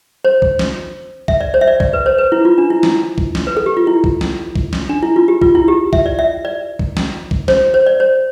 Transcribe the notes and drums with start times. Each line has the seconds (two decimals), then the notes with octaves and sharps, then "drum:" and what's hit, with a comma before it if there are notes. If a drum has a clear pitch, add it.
0.25 C5
0.42 drum: kick
0.59 drum: snare
1.28 E5, drum: kick
1.41 D5
1.54 C5
1.61 E5
1.68 D5
1.80 D5, drum: kick
1.93 B4
2.06 C5
2.18 B4
2.32 E4
2.45 F4
2.58 D4
2.70 E4
2.83 E4, drum: snare
3.18 drum: kick
3.35 drum: snare
3.47 B4
3.57 A4
3.66 G4
3.77 F4
3.87 E4
4.04 drum: kick
4.21 drum: snare
4.56 drum: kick
4.73 drum: snare
4.89 D4
5.03 E4
5.16 F4
5.28 G4
5.42 F4, drum: kick
5.55 E4
5.68 G4
5.93 E5, drum: kick
6.06 D5
6.19 E5
6.45 D5
6.79 drum: kick
6.97 drum: snare
7.31 drum: kick
7.48 C5, drum: snare
7.74 C5
7.86 D5
8.00 C5